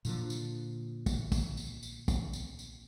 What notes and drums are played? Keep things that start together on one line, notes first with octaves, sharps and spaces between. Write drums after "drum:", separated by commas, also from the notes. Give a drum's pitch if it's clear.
A#2 D3 F3, drum: tambourine
drum: tambourine
drum: kick, tambourine
drum: kick, tambourine
drum: tambourine
drum: tambourine
drum: kick, tambourine
drum: tambourine
drum: tambourine